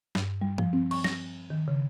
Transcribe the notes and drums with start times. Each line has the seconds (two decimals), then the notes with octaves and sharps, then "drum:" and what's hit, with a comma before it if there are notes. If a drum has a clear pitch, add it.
0.15 G2, drum: snare
0.41 G3
0.58 F3, drum: tom G#2
0.73 C4
0.91 C#6, drum: cymbal
1.04 A#6, drum: snare
1.50 D#3
1.68 C#3